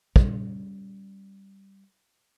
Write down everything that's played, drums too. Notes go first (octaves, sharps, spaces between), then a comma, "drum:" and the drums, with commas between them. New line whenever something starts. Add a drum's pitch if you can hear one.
G3 C#4, drum: kick